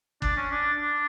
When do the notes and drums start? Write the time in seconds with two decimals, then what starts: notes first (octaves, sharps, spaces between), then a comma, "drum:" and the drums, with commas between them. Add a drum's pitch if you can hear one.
0.22 D4, drum: kick
0.37 C#4
0.51 D4
0.80 D4